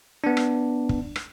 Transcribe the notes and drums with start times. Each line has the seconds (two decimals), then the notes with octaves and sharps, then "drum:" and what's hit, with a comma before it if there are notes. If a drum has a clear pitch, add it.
0.24 B3 D4
0.37 drum: rim click
0.89 drum: kick
1.16 drum: rim click